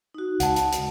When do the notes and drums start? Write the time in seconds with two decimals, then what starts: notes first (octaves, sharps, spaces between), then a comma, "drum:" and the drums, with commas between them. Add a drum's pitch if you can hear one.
0.14 D#4 F#4
0.40 C#2 F#5 A5, drum: hi-hat
0.56 drum: hi-hat
0.72 drum: hi-hat